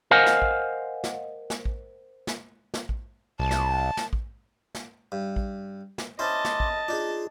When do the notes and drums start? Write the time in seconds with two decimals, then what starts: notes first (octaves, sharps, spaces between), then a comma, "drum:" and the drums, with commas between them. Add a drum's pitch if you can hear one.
0.11 A#4 C5 D#5 F5 F#5 G#5
0.26 drum: snare
0.42 drum: kick A1
1.04 drum: snare
1.50 drum: snare
1.65 drum: kick A1
2.27 drum: snare
2.74 drum: snare
2.89 drum: kick A1
3.40 C2 A5
3.51 drum: snare
3.97 drum: snare
4.13 drum: kick A1
4.75 drum: snare
5.12 G2
5.36 drum: kick A1
5.98 drum: snare
6.19 C#4 E4 C5 D#5 A5 C6 D6
6.45 drum: snare
6.60 drum: kick A1
6.88 D4 D#4 F4 G#4